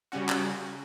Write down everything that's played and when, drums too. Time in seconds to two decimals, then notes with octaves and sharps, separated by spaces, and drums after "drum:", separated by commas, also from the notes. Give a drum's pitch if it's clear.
0.12 C#3 G3 C#4 F#4
0.29 drum: clap